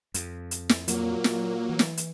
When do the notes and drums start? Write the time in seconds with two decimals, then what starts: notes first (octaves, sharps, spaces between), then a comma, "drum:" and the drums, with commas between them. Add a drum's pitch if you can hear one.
0.14 F2, drum: hi-hat
0.51 drum: hi-hat
0.69 drum: snare
0.88 A#2 F#3 A#3, drum: hi-hat
1.24 drum: snare
1.69 E3
1.79 drum: snare
1.97 drum: hi-hat